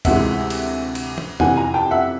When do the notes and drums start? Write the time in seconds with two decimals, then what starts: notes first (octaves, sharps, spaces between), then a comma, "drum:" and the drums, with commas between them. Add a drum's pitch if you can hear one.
0.05 D2 C3 E3 G#3 E5 F#5, drum: kick, cymbal
0.50 drum: cymbal
0.95 drum: cymbal
1.18 drum: tom
1.40 F2 C3 E3 F#5 G#5, drum: tom
1.57 G#5 A#5
1.74 G5 A5
1.91 E5 F#5